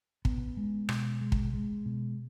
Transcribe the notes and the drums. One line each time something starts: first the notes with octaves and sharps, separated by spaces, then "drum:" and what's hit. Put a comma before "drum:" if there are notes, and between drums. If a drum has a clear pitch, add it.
B3, drum: kick
G#3
B2, drum: rim click
G#3
drum: kick
G#3
B2